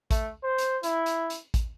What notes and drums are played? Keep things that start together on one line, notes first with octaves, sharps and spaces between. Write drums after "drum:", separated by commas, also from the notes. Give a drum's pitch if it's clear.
A3, drum: kick A1, hi-hat
C5
drum: hi-hat
E4, drum: hi-hat
drum: hi-hat
drum: hi-hat
drum: kick A1, hi-hat